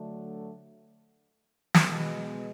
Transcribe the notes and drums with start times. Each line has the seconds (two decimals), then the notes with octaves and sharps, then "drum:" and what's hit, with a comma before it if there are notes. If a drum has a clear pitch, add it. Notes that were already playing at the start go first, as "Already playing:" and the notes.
Already playing: D3 F#3 A3 D4
1.74 drum: snare
1.85 B2 G#3 B3